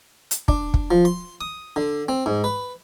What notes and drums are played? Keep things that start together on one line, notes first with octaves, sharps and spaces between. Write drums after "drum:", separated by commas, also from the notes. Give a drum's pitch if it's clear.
drum: hi-hat
D4, drum: kick
drum: kick
F3
C6
D#6
D3
C4
G#2
B4